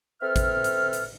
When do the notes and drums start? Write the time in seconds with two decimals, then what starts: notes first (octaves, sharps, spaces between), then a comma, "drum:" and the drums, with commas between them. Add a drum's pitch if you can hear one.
0.21 C4 A4 B4 E5 F6
0.36 drum: kick G#1, hi-hat
0.64 drum: hi-hat
0.93 drum: hi-hat